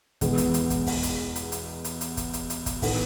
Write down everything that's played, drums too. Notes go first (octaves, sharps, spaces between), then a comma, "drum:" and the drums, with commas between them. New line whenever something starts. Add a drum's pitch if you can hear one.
E2 B2 G#3 B3, drum: kick, hi-hat
drum: hi-hat
drum: hi-hat
drum: kick, hi-hat
drum: kick, open hi-hat
drum: hi-hat
drum: hi-hat
drum: hi-hat
drum: hi-hat
drum: hi-hat
drum: kick, hi-hat
drum: hi-hat
drum: hi-hat
drum: kick, hi-hat
A2 E3 B3 D#4, drum: kick, open hi-hat